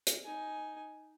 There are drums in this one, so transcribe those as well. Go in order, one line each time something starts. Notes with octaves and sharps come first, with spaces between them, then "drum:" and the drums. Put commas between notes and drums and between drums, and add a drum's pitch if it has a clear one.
drum: hi-hat
D#4 G#5